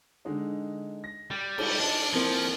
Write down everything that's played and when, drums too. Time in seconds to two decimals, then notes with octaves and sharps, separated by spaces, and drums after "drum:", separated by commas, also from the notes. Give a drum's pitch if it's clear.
0.25 D3 G#3 D#4
1.04 A#6
1.31 G3
1.58 drum: cymbal
1.80 D4 D#4
2.14 F3 A#3 C4 E4